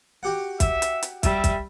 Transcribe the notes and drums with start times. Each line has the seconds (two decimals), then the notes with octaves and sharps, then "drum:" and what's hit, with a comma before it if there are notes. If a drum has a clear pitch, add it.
0.23 F#4 G4 F#5
0.60 E5, drum: kick, hi-hat
0.82 drum: hi-hat
1.03 drum: hi-hat
1.23 G3 E5, drum: kick, hi-hat
1.44 drum: kick, hi-hat